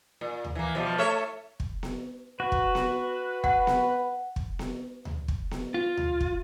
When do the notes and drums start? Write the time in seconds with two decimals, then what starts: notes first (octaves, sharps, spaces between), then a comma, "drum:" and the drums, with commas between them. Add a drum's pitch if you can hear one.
0.21 A#2
0.44 drum: tom D2
0.55 E3 A#3
0.75 B2 F3 G3
0.98 A3 C#5 E5
1.60 drum: kick
1.83 drum: snare B3
2.40 F#4 B4
2.52 drum: kick
2.75 drum: snare B3
3.44 F#5, drum: kick
3.67 drum: snare B3
4.36 drum: kick
4.59 drum: snare B3
5.05 drum: tom D2
5.28 drum: kick
5.51 drum: snare B3
5.74 F4
5.97 drum: tom D2
6.20 drum: kick